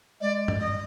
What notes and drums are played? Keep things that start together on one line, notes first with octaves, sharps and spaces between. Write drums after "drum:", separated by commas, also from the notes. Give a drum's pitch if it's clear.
G#3 D5
drum: tom G2
D#5